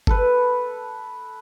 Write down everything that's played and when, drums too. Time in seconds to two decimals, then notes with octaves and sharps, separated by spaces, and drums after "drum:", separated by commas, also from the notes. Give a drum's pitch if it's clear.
0.07 A4 B4, drum: kick G1